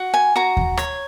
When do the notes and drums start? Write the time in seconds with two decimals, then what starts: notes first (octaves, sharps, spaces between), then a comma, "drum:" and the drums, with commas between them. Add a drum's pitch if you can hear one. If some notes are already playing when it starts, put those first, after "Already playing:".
Already playing: F#4
0.14 G#5
0.36 F#4 A#5
0.57 drum: kick D#2
0.77 C#5, drum: rim click